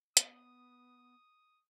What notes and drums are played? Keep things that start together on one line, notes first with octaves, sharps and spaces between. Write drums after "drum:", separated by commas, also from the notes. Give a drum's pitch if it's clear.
B3 D#6, drum: hi-hat